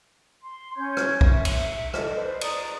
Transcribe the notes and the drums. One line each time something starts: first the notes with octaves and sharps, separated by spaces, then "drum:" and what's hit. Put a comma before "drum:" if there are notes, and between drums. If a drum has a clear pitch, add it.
C6
C#4 C#5 G6 G#6
drum: rim click
drum: kick
E5
drum: cymbal
A4 D5 D#5, drum: rim click
B4 C5
D5 A#5 D#6, drum: cymbal